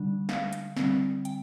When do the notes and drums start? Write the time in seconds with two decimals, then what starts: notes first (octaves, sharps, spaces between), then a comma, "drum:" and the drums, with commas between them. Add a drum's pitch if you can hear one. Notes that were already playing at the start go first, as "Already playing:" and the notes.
Already playing: D3 G3 D4
0.29 F5, drum: snare
0.53 drum: hi-hat
0.76 D3 G3 C4, drum: snare
1.25 G5, drum: hi-hat